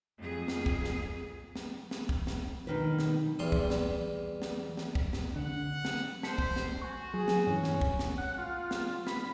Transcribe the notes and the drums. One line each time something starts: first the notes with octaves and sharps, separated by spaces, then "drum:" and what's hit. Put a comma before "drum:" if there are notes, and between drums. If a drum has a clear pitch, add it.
F2 G#4
drum: snare
drum: kick
drum: snare
drum: snare
drum: snare
drum: kick
drum: snare
B2 D#3 B4
drum: snare
E2 G3 D5 C6 D#6
drum: kick
drum: snare
drum: snare
drum: snare
drum: kick
drum: snare
D3 F#5
drum: snare
C5 A5 B6 C#7, drum: snare
drum: kick
drum: snare
F#4 G#5 C#6
F#3 G#4
drum: snare
G2 E3 C#4
drum: snare
drum: kick
drum: snare
F#5
F4
drum: snare
B5, drum: snare